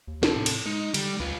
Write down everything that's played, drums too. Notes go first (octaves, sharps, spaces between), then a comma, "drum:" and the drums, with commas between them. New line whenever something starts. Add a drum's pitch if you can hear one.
D#2
C3 A4, drum: snare
A2
drum: cymbal
G#3 D#4
D3 G3, drum: cymbal
D2 F4 B4